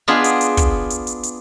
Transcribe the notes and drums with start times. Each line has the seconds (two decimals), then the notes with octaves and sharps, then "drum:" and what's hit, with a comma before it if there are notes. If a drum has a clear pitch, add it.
0.08 B3 D4 F4 G#4
0.24 drum: hi-hat
0.41 drum: hi-hat
0.57 drum: kick, hi-hat
0.90 drum: hi-hat
1.07 drum: hi-hat
1.23 drum: hi-hat